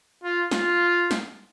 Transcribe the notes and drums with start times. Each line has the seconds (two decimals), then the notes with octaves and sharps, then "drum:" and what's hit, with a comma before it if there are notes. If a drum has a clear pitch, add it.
0.23 F4
0.51 F4, drum: snare
1.11 drum: snare